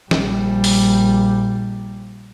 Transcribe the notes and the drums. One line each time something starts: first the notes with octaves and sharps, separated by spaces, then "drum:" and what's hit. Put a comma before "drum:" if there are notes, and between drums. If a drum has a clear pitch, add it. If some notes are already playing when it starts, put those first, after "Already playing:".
A#1 G3, drum: snare
drum: open hi-hat